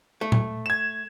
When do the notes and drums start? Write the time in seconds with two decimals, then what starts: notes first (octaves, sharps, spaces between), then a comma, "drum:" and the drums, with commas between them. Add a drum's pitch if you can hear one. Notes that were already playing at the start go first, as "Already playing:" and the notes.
0.21 A3
0.32 drum: tom A#2
0.66 G#6 E7